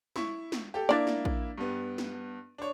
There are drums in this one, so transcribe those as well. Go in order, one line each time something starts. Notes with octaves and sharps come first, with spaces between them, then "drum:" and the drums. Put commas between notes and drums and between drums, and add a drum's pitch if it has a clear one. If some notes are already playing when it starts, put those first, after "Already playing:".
E4 C#6, drum: snare
drum: snare
G4 A4
A#3 D4 E4 D5 A6
drum: snare
drum: kick
G2 B3
drum: snare
D4 C#5